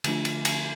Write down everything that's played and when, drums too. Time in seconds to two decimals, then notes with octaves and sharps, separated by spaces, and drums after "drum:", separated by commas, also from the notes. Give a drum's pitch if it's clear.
0.04 D3 F3 A3 D4 F4, drum: cymbal
0.25 drum: cymbal
0.45 drum: cymbal